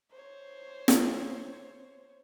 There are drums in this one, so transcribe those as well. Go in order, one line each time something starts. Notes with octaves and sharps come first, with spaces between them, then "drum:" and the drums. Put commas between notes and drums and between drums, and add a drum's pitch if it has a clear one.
C5 C#5
drum: snare